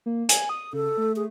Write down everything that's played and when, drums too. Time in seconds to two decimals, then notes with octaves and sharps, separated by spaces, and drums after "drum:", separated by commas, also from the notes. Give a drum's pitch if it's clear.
0.06 A#3
0.29 G#5, drum: hi-hat
0.49 D#6
0.73 C#3 A4
0.97 A3
1.16 G#4